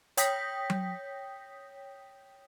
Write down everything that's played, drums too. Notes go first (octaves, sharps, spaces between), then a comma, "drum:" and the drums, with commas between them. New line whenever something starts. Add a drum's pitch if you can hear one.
C#5 G5 D#6 G6 A#6 B6, drum: hi-hat
drum: tom F#3